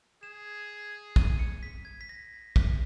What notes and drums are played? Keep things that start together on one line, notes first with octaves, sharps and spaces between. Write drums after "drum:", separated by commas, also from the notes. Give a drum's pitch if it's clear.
G#4 E7
D#7, drum: kick
C#7
B6
G#6
B6
A#6
B6, drum: kick